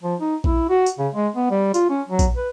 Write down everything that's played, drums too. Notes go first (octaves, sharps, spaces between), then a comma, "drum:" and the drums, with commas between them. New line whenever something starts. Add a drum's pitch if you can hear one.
F3
D#4
E4, drum: kick A#1
F#4
drum: tambourine
C#3
G#3
B3
G3
F4, drum: tambourine
C#4
F#3
drum: kick A#1, tambourine
B4